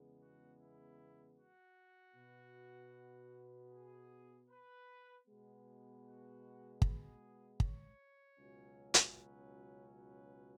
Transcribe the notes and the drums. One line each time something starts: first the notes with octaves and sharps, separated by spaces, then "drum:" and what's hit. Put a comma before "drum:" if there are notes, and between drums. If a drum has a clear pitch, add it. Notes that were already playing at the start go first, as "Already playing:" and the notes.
Already playing: E2 C#3 G#3 B3
F#4
E4
F#4
B2 B3
G#4
B4
B2 G#3 B3
F#4
G#4, drum: kick
C#5, drum: kick
C#2 B2 F#3 C#4
drum: hi-hat
B4
B4